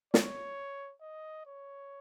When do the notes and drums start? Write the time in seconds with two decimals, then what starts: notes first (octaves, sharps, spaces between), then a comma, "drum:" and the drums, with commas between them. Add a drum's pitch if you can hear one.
0.14 C#5, drum: snare
1.02 D#5
1.46 C#5